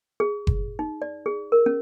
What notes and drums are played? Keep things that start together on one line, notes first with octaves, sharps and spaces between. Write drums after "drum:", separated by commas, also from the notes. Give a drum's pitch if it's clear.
G#4
drum: kick F#1
D#4
D5
G#4
A#4
C#4